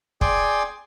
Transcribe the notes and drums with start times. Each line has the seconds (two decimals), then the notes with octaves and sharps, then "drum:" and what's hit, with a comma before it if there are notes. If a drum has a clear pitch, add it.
0.21 G#4 D5 G5 G#5 C6, drum: kick